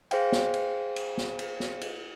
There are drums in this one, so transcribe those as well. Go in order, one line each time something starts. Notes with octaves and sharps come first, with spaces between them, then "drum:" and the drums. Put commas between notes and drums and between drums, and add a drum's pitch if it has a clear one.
G#4 C5 F5 G5, drum: cymbal
drum: snare
drum: cymbal
drum: cymbal
drum: snare
drum: cymbal
drum: snare
drum: cymbal